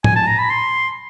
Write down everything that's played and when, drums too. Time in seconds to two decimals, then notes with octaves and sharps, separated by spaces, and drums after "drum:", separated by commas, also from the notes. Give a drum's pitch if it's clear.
0.04 G#5, drum: tom A2
0.16 A5
0.27 A#5
0.39 B5
0.50 C6